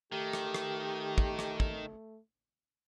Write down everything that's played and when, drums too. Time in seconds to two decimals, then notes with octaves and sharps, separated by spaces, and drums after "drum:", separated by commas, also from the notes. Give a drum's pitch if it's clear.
0.12 D#3 A3 G4
0.33 drum: rim click
0.55 drum: rim click
1.18 drum: kick
1.39 drum: rim click
1.60 drum: kick